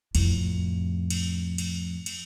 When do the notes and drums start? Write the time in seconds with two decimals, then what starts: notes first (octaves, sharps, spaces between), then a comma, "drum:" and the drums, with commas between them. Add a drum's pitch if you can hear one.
0.15 F2 A2, drum: cymbal
1.10 drum: cymbal
1.58 drum: cymbal
2.06 drum: cymbal